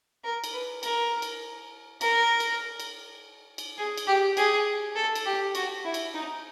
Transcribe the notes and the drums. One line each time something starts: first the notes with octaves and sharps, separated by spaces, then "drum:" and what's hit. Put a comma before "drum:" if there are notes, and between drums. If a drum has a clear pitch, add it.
A#4
drum: cymbal
B4
A#4, drum: cymbal
drum: cymbal
A#4, drum: cymbal
drum: cymbal
drum: cymbal
drum: cymbal
G#4
drum: cymbal
G4
G#4, drum: cymbal
A4
drum: cymbal
G4
F#4, drum: cymbal
E4
drum: cymbal
D#4